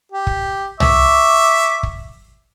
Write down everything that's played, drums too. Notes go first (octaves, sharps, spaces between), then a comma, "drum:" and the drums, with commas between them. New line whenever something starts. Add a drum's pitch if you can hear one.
G4
drum: kick
E5 C#6 D6, drum: tom
drum: kick